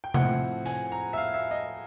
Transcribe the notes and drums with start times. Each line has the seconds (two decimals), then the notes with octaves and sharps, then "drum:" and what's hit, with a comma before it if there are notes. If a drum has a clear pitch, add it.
0.04 G5
0.14 A2 F3 A3 C4 F#5, drum: tom C3
0.66 G#5, drum: hi-hat
0.92 A#5
1.13 E5
1.17 F5
1.34 E5
1.51 D#5